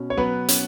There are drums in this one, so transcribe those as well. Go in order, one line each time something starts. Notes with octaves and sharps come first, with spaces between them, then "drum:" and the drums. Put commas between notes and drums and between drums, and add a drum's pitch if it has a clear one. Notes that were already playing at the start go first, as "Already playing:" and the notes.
Already playing: B2 C#4
C#5
F#3 B3 B4
C#4, drum: hi-hat